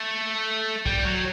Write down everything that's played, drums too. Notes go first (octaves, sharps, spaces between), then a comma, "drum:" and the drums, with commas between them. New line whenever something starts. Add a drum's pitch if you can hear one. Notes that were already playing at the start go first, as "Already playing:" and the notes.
Already playing: A3
G3, drum: kick B1
F#3